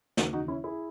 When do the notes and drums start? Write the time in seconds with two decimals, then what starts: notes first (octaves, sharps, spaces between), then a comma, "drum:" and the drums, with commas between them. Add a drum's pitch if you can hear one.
0.17 D#2 C#3 E3 D#4 F#4, drum: snare
0.33 D#4 F#4
0.48 C#4 E4
0.64 E4 G#4